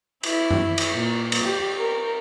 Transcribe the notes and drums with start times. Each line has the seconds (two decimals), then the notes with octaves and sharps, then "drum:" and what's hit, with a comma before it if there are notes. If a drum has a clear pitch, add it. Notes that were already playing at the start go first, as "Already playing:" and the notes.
0.23 E4, drum: cymbal
0.51 drum: tom F#2
0.78 drum: cymbal
0.94 A#2
1.32 drum: cymbal
1.44 G4
1.77 A#4